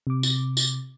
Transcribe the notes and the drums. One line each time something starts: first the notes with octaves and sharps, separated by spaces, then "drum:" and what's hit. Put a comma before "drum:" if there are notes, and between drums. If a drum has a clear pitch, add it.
C3 D6
drum: tambourine
drum: tambourine